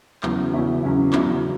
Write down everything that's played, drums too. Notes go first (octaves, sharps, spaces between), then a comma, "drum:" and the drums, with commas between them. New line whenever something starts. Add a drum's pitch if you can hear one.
E2 C#3 F#3 C#4 E4, drum: clap
E2 C#3 F#3 C#4 E4
E2 C#3 F#3 C#4 E4
E2 C#3 F#3 C#4 E4, drum: clap